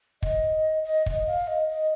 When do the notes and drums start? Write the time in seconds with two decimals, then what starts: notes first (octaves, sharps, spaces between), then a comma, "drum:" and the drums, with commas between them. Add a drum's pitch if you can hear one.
0.23 D#5, drum: kick
0.84 D#5
1.06 D#5, drum: kick
1.27 F5
1.48 D#5
1.69 D#5